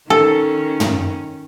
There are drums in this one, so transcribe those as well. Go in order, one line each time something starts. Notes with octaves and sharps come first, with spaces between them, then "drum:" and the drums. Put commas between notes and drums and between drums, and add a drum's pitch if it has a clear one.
D#3 C#4 A4
drum: tom